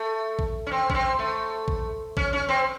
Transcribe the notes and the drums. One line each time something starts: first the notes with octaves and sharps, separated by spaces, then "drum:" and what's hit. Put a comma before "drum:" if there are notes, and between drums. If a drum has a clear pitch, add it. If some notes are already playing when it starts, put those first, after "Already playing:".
Already playing: A3
drum: kick A#1
C#4
C4
C#4, drum: kick A#1
C4
A3
drum: kick A#1
C#4, drum: kick A#1
C#4
C4